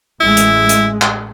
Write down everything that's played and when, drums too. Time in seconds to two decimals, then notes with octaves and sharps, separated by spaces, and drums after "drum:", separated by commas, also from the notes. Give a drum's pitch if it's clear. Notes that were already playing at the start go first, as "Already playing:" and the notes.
0.21 A1 G#3 E4
0.37 drum: hi-hat
0.69 drum: hi-hat
1.02 drum: clap